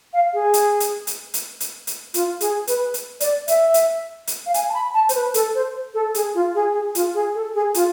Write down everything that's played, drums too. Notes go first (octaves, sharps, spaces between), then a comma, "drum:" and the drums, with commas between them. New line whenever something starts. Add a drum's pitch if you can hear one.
F5
G#4
drum: hi-hat
drum: hi-hat
drum: hi-hat
drum: hi-hat
drum: hi-hat
drum: hi-hat
F4, drum: hi-hat
G#4, drum: hi-hat
B4, drum: hi-hat
drum: hi-hat
D5, drum: hi-hat
E5, drum: hi-hat
drum: hi-hat
drum: hi-hat
F5
G#5, drum: hi-hat
A5
B5
A5
C5, drum: hi-hat
B4
A4, drum: hi-hat
C5
A4
G#4, drum: hi-hat
F4
G#4
G#4
F4, drum: hi-hat
G#4
A4
G#4
F4, drum: hi-hat